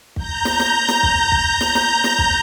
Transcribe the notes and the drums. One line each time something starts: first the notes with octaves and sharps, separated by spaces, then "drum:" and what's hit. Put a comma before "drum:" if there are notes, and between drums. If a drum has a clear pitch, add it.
A#5 G6, drum: kick
drum: snare
drum: snare
drum: snare
drum: kick
drum: kick
drum: snare
drum: snare
drum: snare
drum: kick